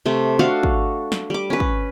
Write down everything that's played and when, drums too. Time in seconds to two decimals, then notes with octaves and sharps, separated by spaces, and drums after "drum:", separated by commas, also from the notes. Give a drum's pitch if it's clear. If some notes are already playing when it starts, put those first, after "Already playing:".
0.06 C3 A3
0.39 D4 F#4 A4 F5
0.63 drum: kick
1.12 drum: snare
1.30 G3 D6
1.50 C#4 B4
1.60 drum: kick